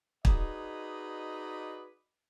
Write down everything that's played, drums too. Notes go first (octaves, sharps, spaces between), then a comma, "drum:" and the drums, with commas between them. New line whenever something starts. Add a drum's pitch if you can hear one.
D#4 F#4 G#4 B4 D5 D#5, drum: kick